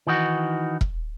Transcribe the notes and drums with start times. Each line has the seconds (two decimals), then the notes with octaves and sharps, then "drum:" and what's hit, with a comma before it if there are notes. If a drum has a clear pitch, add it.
0.07 D#3 E3 D#4 F#4
0.81 drum: kick E1